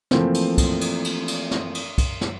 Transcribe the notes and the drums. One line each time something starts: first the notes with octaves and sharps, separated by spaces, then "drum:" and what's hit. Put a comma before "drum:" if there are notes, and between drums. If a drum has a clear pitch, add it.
E3 F3 A3 A#3 C4, drum: snare
drum: cymbal
drum: kick, cymbal
drum: cymbal
drum: cymbal
drum: cymbal
drum: snare
drum: cymbal
drum: kick, cymbal
drum: snare